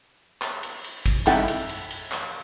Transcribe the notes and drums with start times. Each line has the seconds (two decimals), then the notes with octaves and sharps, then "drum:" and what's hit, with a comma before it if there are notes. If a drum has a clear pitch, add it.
0.42 drum: clap
0.63 drum: cymbal
0.84 drum: cymbal
1.06 drum: kick G#1, cymbal
1.27 D#4 E4 A4 F#5 G5, drum: clap
1.48 drum: cymbal
1.69 drum: cymbal
1.91 drum: cymbal
2.12 drum: clap